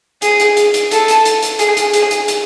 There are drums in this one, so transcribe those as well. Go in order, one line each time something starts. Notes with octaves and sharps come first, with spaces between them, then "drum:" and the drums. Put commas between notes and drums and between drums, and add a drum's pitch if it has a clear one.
G#4, drum: hi-hat
drum: hi-hat
drum: hi-hat
drum: hi-hat
A4, drum: hi-hat
drum: hi-hat
drum: hi-hat
drum: hi-hat
G#4, drum: hi-hat
drum: hi-hat
G#4, drum: hi-hat
drum: hi-hat
drum: hi-hat